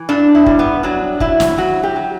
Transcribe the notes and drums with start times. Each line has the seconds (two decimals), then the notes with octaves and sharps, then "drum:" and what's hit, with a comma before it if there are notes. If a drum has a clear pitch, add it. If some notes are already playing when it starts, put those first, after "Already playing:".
Already playing: E3
0.09 G2 D4
0.35 E4
0.46 G3, drum: kick
0.59 B3
0.83 F#3 D4
1.20 F#3 E4, drum: kick
1.40 drum: snare
1.58 F#3 F#4
1.83 G4
1.96 F#3